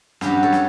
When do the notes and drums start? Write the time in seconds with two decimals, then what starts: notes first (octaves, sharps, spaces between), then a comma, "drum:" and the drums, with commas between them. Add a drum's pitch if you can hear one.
0.21 G2 F#3 C#4 G4 B4, drum: snare
0.43 A4 C#5
0.53 drum: snare